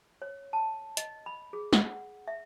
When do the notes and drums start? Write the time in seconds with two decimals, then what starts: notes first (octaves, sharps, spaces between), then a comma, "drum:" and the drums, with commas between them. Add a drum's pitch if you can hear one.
0.22 C#5
0.53 A5
0.97 D#5, drum: hi-hat
1.26 B5
1.53 G#4
1.73 F#5, drum: snare
2.28 E5